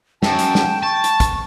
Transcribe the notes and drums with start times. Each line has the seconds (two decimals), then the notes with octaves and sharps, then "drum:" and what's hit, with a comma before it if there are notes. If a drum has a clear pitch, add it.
0.23 F#2 G5 A5, drum: snare
0.39 drum: hi-hat
0.55 drum: snare
0.83 A5 C#6
1.04 drum: hi-hat
1.20 drum: kick, hi-hat